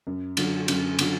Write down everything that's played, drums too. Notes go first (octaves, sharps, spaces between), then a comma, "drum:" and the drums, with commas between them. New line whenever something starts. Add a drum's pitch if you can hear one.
F#2
D3 F#3, drum: cymbal
F#2, drum: cymbal
D3 F#3, drum: cymbal